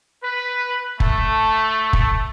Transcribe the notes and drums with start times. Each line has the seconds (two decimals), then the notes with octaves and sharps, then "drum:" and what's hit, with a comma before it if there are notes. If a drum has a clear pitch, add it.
0.23 B4
1.00 A3, drum: kick
1.93 drum: kick